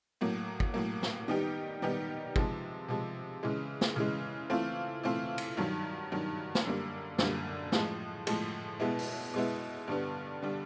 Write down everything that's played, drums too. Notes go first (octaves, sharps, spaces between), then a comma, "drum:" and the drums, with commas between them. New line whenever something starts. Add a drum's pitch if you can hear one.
A2 F#3 A#3
drum: kick
A2 F#3 A#3
drum: snare
D#3 G3 B3 D#4 G4
D#3 G3 B3 D#4 G4
C3 F3 G#3, drum: kick
C3 F3 G#3
C#3 E3 G#3
drum: snare
C#3 E3 G#3
E3 A3 C4 F4
E3 A3 C4 F4
drum: cymbal
G2 D#3 F#3
G2 D#3 F#3
drum: snare
F#2 D3 G3 A#3
F#2 D3 G3 A#3, drum: snare
A2 F3 G#3, drum: snare
A2 F3 G#3, drum: cymbal
B2 G#3 B3 E4
drum: open hi-hat
B2 G#3 B3 E4
G2 D3 G3 B3
D3 G3 B3